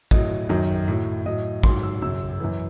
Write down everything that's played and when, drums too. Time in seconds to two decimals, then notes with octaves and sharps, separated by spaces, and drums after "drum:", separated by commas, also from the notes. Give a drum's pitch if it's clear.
0.11 A2 F#3 D#5, drum: kick
0.49 F#2 D#3 F#3
0.88 A2 F#3
1.26 A2 F#3 D#5
1.63 G#2 F#3 C6, drum: kick
1.83 E6
2.02 F#2 C#3 F#3 E6
2.40 F#2 E3